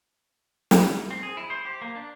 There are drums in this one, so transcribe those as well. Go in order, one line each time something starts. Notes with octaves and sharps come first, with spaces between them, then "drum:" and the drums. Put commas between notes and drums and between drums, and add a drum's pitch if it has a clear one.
drum: snare
C4
G#4
E4
C5
G4
A#3
D4